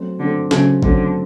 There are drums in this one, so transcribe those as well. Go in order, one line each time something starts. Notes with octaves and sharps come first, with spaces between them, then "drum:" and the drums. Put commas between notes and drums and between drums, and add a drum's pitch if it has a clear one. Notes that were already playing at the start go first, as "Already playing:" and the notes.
Already playing: F#3 A3 C4
D3 F#3 A3 C4
C#3 F#3 A3 C4, drum: snare
D3 F#3 A3 C4, drum: kick A1